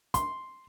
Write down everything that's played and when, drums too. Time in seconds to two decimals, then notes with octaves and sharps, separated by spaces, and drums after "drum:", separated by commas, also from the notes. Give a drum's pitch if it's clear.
0.14 C6, drum: kick, hi-hat